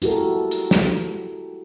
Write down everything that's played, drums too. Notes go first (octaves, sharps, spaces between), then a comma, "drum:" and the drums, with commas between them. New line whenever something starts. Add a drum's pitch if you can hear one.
E4 F#4 G4 A4 A#4, drum: hi-hat
drum: hi-hat
drum: snare